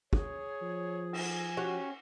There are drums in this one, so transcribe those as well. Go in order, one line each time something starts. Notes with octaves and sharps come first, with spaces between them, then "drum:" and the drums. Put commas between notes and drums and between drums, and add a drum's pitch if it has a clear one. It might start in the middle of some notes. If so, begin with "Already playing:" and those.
G#4 C#5, drum: kick
F3
G#5, drum: cymbal
C#4 F#4 G4